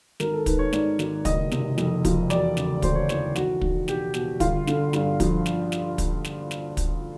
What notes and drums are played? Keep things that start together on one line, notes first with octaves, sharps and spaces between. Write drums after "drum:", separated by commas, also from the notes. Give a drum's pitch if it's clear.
G#1 A#4, drum: snare
A4
D#3 B4, drum: kick, hi-hat
C#5
G#2 D5, drum: snare
G#1, drum: snare
F#1 D#5, drum: kick, hi-hat
C3, drum: snare
F2, drum: snare
F3, drum: kick, hi-hat
E1 D5, drum: snare
C#3, drum: snare
D2 C5, drum: kick, hi-hat
C#5
E3 C#5, drum: snare
B1 F#4, drum: snare
B1, drum: kick
B2 G4, drum: snare
B2, drum: snare
G1 F4, drum: kick, hi-hat
D3, drum: snare
G2, drum: snare
F3, drum: kick, hi-hat
drum: snare
drum: snare
drum: kick, hi-hat
drum: snare
drum: snare
drum: kick, hi-hat